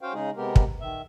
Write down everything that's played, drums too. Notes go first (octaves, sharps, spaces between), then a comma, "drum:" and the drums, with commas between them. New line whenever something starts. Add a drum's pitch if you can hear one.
C#4 F#4 C5 F5 G5
C#3 G#3 D#4 G#4
C3 G#3 B3 G4 A#4
drum: kick
D#3 E5